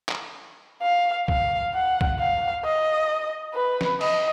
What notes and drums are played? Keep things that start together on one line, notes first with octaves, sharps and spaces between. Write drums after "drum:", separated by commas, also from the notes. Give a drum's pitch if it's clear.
drum: clap
F5
F5, drum: kick
F#5
drum: kick
F5
D#5
B4
drum: snare
D#5, drum: cymbal